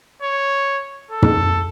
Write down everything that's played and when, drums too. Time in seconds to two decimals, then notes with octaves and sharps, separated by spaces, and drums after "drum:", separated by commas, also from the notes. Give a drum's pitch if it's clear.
0.22 C#5
1.11 A4
1.22 drum: tom